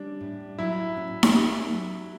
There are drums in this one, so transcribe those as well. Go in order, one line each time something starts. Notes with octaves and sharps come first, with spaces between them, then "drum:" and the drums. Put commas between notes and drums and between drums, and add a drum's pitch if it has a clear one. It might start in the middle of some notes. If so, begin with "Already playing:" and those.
Already playing: G3 C#4 D4
A2
F#3 E4
C#4
drum: snare D#4
G4
F#3